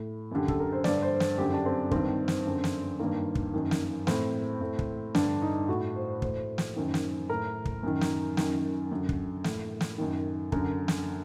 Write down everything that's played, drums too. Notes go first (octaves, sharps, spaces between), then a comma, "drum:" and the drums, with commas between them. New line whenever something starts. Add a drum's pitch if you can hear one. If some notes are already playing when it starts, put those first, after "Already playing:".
Already playing: A2
F#2 D3 G4
A4, drum: kick
A#4
C5
G2 D3 D5, drum: snare
C5
drum: snare
F#2 D3 G4
D4
C4
G2 D#3 C4, drum: kick
drum: snare
F#2 D3
drum: snare
G2 D#3 A#3
drum: kick
F#2 D#3
drum: snare
A2 C4, drum: snare
A2
drum: kick
G2 D3 D4, drum: snare
D#4
A2 F#4
C5
A2 C5, drum: kick
drum: snare
F#2 D#3
drum: snare
A2 A#4
drum: kick
F#2 D#3
drum: snare
F#2 D#3, drum: snare
F#2 D3
drum: kick
A2, drum: snare
drum: snare
F#2 D#3
F#2 D3 A#4, drum: kick
drum: snare